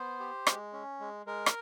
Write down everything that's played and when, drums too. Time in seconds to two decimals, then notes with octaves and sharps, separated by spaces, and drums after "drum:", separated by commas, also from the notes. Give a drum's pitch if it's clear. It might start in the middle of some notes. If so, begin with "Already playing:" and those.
Already playing: B3 C5
0.20 G4
0.47 G#3, drum: rim click
0.73 C#4
1.00 G#3
1.26 G#3 A#4
1.46 drum: rim click